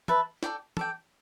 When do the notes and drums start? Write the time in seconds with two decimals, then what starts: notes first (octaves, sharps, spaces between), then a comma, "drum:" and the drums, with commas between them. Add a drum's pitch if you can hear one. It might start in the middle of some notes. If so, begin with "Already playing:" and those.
0.08 B4 E5 A5, drum: tom
0.43 A4 D5 G5, drum: snare
0.77 A4 D5 G5, drum: tom